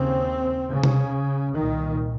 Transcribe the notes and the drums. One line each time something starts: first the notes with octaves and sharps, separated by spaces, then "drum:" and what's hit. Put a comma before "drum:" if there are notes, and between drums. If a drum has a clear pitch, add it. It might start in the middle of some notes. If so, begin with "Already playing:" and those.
Already playing: D#2 C#3 C4
C#3
drum: tom C3
C2 A#2 D#3